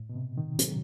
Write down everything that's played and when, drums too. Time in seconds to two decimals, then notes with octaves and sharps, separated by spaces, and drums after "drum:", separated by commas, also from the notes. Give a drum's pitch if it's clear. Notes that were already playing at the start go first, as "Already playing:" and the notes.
Already playing: A2
0.09 B2
0.16 C3
0.37 D#3
0.59 F#3, drum: hi-hat